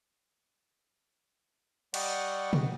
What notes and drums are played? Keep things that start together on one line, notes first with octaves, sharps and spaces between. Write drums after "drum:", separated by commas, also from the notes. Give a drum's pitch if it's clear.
G3 D5 D#5 F#5 G5 C#6, drum: cymbal
drum: tom B2